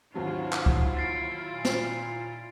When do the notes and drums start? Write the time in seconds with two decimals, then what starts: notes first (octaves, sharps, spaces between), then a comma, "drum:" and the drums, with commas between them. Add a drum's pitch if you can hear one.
0.14 D#2 G#2 F#3 C#4 E4 F4
0.53 drum: clap
0.66 drum: kick
0.97 A6 C7 D7
1.52 A#2
1.65 drum: snare